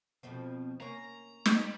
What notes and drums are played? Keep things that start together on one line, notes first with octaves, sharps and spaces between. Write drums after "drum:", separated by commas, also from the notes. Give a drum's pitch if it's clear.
F2 B2 F3
A#3 C#4 A#5
drum: snare
G3